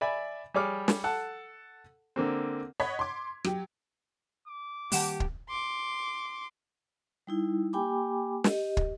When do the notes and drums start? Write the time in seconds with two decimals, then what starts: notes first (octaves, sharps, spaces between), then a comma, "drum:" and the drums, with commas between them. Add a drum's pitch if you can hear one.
0.01 D5 E5 G#5 B5
0.54 G3 G#4 C#5 D6 F6
0.88 drum: snare
1.04 A4 F#5 A5
2.16 D3 A#3 C4
2.80 C#5 D#5 F#5 B5 G#6 B6
2.99 C6 D6
3.44 F#3 G4, drum: rim click
4.48 D6
4.92 D#3 G3 A#3 G4 B4 F#5 A5, drum: open hi-hat
5.20 drum: kick
5.50 C6 D6
7.27 G3 D#4 E4
7.73 A#3 G4 G5 G#5 B5 D6
8.44 G4 D#5, drum: snare
8.77 drum: kick